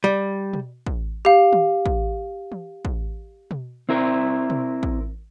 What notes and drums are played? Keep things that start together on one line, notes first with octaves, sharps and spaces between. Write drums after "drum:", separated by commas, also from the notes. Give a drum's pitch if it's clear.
G3
drum: tom B2
drum: kick
G4 F5
drum: tom D#3
drum: kick
drum: tom E3
drum: kick
drum: tom B2
C4 E4 A#4
drum: tom B2
drum: kick